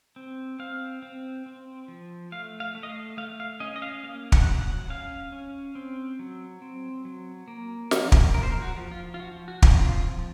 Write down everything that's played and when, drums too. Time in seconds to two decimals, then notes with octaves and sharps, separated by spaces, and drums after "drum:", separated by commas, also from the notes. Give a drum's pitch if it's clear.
0.16 C4
0.59 C4 F5
1.02 C4
1.46 C4
1.88 F3
2.32 A3 F5
2.60 F5
2.75 A3
2.83 D#5
2.89 F5
3.17 A3 F5
3.40 F5
3.60 C#4 D#5
3.76 D#5
3.82 F5
4.03 A#3 F5
4.32 F#5, drum: kick
4.46 F#3
4.61 F#5
4.90 C#4 F5
5.32 C#4
5.75 C4
6.19 F#3
6.62 C4
7.05 F#3
7.48 A#3
7.91 F3, drum: snare
8.12 drum: kick
8.33 F3 A#4
8.43 C5
8.52 A#4
8.62 F#4
8.76 F3
8.91 F4
9.14 F4
9.20 F3 F#4
9.48 F#4
9.62 C4, drum: kick
9.77 F4
10.05 F3